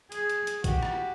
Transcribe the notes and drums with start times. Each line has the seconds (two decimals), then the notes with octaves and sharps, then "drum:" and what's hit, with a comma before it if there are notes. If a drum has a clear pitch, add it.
0.12 G#4, drum: hi-hat
0.30 drum: hi-hat
0.47 drum: hi-hat
0.64 F#4 G4, drum: kick, hi-hat
0.83 drum: rim click